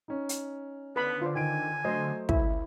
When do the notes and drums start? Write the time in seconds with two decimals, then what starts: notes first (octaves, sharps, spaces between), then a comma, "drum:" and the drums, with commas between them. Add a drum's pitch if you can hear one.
0.08 C#4 D#4
0.29 drum: hi-hat
0.96 D3 B3 B4 B5
1.22 F4 C5 D5
1.36 D#3 G#5 D7
1.85 F#3 A3 C5 D#5 C6
2.29 C#2 E4, drum: kick